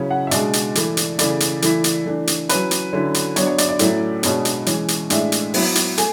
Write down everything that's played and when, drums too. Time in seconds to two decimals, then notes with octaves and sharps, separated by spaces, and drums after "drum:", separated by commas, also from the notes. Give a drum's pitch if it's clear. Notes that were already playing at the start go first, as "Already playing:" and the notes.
Already playing: C#3 F#3 C#4 E4
0.10 F#5
0.27 E5
0.31 B2 G#3 D4 D5, drum: hi-hat
0.53 drum: hi-hat
0.75 E3 A3 E4, drum: hi-hat
0.97 drum: hi-hat
1.19 C#3 E3 A3 E4 D5, drum: hi-hat
1.40 drum: hi-hat
1.62 E3 A3 E4, drum: hi-hat
1.84 drum: hi-hat
2.06 E3 A3 D4
2.27 drum: hi-hat
2.49 F#3 C#4 E4 B4, drum: hi-hat
2.71 drum: hi-hat
2.93 D3 F#3 C#4 E4
3.14 drum: hi-hat
3.36 F#3 B3 D4 C#5, drum: hi-hat
3.47 C#5
3.58 D5, drum: hi-hat
3.69 D5
3.79 A2 F#3 A3 C#4 E4, drum: hi-hat
4.23 B2 G#3 B3 D4 C#5, drum: hi-hat
4.45 drum: hi-hat
4.66 E3 G#3 C#4, drum: hi-hat
4.88 drum: hi-hat
5.10 A2 G#3 D4 E5, drum: hi-hat
5.32 drum: hi-hat
5.54 F#3 B3 E4, drum: open hi-hat
5.75 drum: hi-hat
5.98 A3 G#5, drum: hi-hat